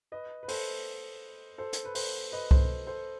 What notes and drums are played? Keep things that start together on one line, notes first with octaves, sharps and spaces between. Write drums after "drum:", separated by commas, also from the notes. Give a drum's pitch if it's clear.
B4 D#5
B4
A4 C5, drum: open hi-hat
A4 C5
drum: hi-hat
B4
A4 C5, drum: open hi-hat
B4 D#5
A4 C5, drum: kick C2
A4 C5